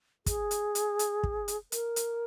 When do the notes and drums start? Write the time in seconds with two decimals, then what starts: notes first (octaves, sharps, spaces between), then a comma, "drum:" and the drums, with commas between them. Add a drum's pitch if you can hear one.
0.26 G#4, drum: kick, hi-hat
0.51 drum: hi-hat
0.75 drum: hi-hat
0.99 drum: hi-hat
1.23 drum: kick
1.48 drum: hi-hat
1.72 A#4, drum: hi-hat
1.96 drum: hi-hat